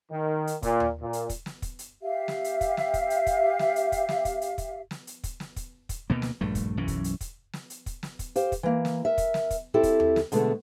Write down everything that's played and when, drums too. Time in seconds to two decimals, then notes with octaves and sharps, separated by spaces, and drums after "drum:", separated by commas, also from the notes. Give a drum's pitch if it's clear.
0.11 D#3
0.47 drum: hi-hat
0.63 A#2, drum: kick, hi-hat
0.80 drum: tom D#2
1.01 A#2
1.13 drum: hi-hat
1.29 drum: kick, hi-hat
1.46 drum: snare
1.62 drum: kick, hi-hat
1.79 drum: hi-hat
2.00 G4 E5 F5
2.28 drum: snare
2.44 drum: hi-hat
2.61 drum: kick, hi-hat
2.77 drum: snare
2.94 drum: kick, hi-hat
3.10 drum: hi-hat
3.27 drum: kick, hi-hat
3.59 drum: snare
3.76 drum: hi-hat
3.92 drum: kick, hi-hat
4.09 drum: snare
4.25 drum: kick, hi-hat
4.41 drum: hi-hat
4.58 drum: kick, hi-hat
4.91 drum: snare
5.07 drum: hi-hat
5.24 drum: kick, hi-hat
5.40 drum: snare
5.56 drum: kick, hi-hat
5.89 drum: kick, hi-hat
6.10 D2 B2 A#3
6.22 drum: snare
6.41 A#1 G2 A3
6.55 drum: kick, hi-hat
6.77 B1 F#2 E3 C#4
6.88 drum: kick, hi-hat
7.04 drum: hi-hat
7.21 drum: kick, hi-hat
7.53 drum: snare
7.70 drum: hi-hat
7.86 drum: kick, hi-hat
8.03 drum: snare
8.19 drum: kick, hi-hat
8.36 G4 C5 F5, drum: hi-hat
8.52 drum: kick, hi-hat
8.63 E3 A#3
8.85 drum: snare
9.05 A#4 E5
9.18 drum: kick, hi-hat
9.34 drum: snare
9.51 drum: kick, hi-hat
9.74 C4 E4 G4 A4
9.83 drum: kick, hi-hat
10.00 drum: tom D#2
10.16 drum: snare
10.32 B2 D3 G#3 A3 B3, drum: hi-hat